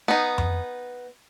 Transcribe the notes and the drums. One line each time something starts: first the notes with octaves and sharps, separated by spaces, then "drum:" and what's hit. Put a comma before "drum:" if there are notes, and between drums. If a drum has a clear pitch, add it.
B3 D#4
drum: tom F2